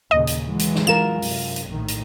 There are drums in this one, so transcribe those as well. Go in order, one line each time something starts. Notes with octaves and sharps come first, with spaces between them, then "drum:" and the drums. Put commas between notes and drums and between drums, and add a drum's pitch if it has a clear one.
D#2 A#2 C#3 D#5
drum: hi-hat
E3 F#3 G#3
drum: hi-hat
drum: snare
F4 A#4 E7
F#2 C3, drum: open hi-hat
drum: hi-hat
A#1 A2 D#3
drum: hi-hat